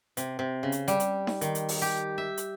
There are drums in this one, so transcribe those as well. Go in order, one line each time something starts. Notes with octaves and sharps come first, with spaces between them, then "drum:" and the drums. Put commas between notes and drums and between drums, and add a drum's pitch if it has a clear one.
C3, drum: hi-hat
C3
C#3
drum: hi-hat
G3, drum: hi-hat
drum: hi-hat
drum: snare D#4
D#3, drum: hi-hat
drum: hi-hat
drum: open hi-hat
G4, drum: hi-hat
E5
drum: hi-hat